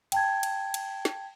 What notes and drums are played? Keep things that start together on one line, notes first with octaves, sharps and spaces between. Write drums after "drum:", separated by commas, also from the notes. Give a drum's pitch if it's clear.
G5 A5 G#6, drum: cymbal
drum: cymbal
drum: cymbal
drum: snare